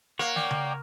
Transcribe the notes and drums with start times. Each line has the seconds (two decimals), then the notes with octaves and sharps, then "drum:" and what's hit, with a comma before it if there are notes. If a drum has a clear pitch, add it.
0.19 A#3 C#5 F#5
0.36 D5 G5, drum: snare
0.51 drum: tom C#3